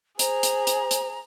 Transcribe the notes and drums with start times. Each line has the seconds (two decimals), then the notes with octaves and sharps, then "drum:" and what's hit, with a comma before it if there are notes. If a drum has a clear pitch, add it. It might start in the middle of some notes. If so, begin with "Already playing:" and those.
0.19 G#4 C5 A#5, drum: hi-hat
0.43 drum: hi-hat
0.67 drum: hi-hat
0.91 drum: hi-hat